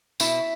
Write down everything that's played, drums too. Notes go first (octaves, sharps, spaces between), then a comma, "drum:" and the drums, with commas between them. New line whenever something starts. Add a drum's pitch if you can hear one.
B2 E4, drum: tambourine